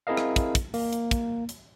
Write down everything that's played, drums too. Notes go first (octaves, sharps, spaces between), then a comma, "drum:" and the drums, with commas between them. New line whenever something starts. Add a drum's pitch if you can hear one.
C4 E4 G#4 A#4 D#5 F5
drum: rim click
drum: kick, hi-hat
drum: kick, hi-hat
A#3, drum: open hi-hat
drum: hi-hat
drum: kick, hi-hat
drum: hi-hat